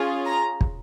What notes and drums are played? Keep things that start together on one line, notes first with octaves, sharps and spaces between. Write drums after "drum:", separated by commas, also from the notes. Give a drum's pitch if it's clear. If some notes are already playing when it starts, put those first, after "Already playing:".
Already playing: C#4 F4 G#4
A#5
drum: kick